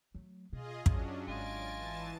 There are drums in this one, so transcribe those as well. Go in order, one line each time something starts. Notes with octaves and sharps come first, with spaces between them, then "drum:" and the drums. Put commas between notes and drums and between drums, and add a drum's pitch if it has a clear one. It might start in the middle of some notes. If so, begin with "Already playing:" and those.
F#3 A3
B2 F4 G#4 D#5
F#2 F#3 C#4 D4, drum: kick
G#1 F4 D#5 G#5 A6 D7
E3 A5 A6